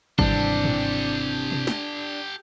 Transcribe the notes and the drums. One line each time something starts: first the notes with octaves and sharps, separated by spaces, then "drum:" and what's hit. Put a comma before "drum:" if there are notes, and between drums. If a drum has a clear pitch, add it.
G#1 C3 E3 G3 C4 D4 G4 A4, drum: kick
drum: tom G#2
drum: tom B2
drum: snare